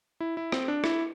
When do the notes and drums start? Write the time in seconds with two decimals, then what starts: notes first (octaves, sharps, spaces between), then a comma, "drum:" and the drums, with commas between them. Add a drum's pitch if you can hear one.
0.20 E4
0.37 E4
0.52 C4, drum: rim click
0.68 D4
0.84 E4, drum: rim click